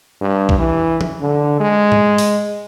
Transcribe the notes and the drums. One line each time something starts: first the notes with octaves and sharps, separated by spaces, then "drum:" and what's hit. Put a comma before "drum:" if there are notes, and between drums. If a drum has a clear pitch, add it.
G2
drum: kick B1
E3
drum: tom E3
D3
G#3
drum: tom G#2
drum: open hi-hat